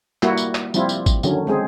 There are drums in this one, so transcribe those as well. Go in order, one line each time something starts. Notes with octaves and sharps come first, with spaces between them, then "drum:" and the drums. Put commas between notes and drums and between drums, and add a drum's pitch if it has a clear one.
G3 A#3 E4 F#4, drum: clap
drum: tambourine
drum: clap
F3 G3 C4 E4 F4, drum: tambourine
drum: tambourine
drum: kick G#1, tambourine
D3 D#3 F#3 C#4, drum: tambourine
G#3 C4 G#4